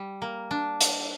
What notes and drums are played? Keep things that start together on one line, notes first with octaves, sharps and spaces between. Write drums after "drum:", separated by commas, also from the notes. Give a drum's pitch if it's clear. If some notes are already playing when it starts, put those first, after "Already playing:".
Already playing: G3
A#3
D4
drum: hi-hat